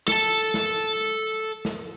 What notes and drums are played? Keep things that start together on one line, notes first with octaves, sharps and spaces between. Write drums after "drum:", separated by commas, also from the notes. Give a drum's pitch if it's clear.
A4 A5, drum: snare
drum: snare
drum: snare